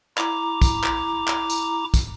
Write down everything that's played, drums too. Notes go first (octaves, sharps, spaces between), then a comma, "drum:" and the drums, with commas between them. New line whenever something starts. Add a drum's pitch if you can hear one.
E4 A#5 D6, drum: clap
drum: kick, tambourine
drum: clap
drum: clap
drum: tambourine
drum: kick, tambourine